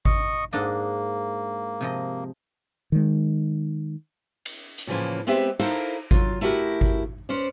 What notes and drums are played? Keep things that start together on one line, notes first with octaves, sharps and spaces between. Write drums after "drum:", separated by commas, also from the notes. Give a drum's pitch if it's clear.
D#5 C#6, drum: kick G#1
G#2 A#3 D4 D#5
C3 F3 D#5
D#3 G#3
drum: cymbal
drum: hi-hat
A2 C#3 E3 F3 A#3 C#4
G#3 B3 C4 G4 B4 E5
D#4 E4 A4 A#4 C5 F5, drum: cymbal
F#3 F4, drum: kick G#1
A3 E4 F#4 G4 A#4
drum: kick G#1
C#4 B4 C5 D5